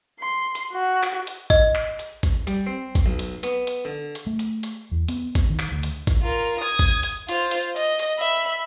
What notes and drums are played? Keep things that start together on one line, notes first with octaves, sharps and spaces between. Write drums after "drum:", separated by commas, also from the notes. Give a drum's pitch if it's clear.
C6
drum: hi-hat
F#4
drum: clap
drum: hi-hat
D#5, drum: kick, hi-hat
drum: clap
drum: hi-hat
drum: kick, hi-hat
G3, drum: hi-hat
C4
drum: kick, hi-hat
B1
drum: hi-hat
B3, drum: hi-hat
drum: hi-hat
D3
drum: hi-hat
A3
drum: hi-hat
drum: hi-hat
E2
B3, drum: hi-hat
drum: kick, hi-hat
D#3
drum: clap
D2
drum: hi-hat
drum: kick, hi-hat
F4 A#4
D#6 G#6
drum: kick, hi-hat
drum: hi-hat
F4 C5, drum: hi-hat
drum: hi-hat
D#5, drum: hi-hat
drum: hi-hat
E5 B5